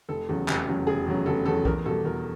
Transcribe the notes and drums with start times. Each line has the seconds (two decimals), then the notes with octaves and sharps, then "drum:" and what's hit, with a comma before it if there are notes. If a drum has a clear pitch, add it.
0.09 F1 A4
0.29 E2 C#3 F#3
0.48 F1, drum: clap
0.68 E2 C#3 F#3
0.87 F1 G#4
1.07 E2 C#3 F#3
1.26 F1 A4
1.46 E2 C#3 F#3 A4
1.65 E2 A#4, drum: kick B1
1.86 B2 G3 A4
2.04 E2 A#4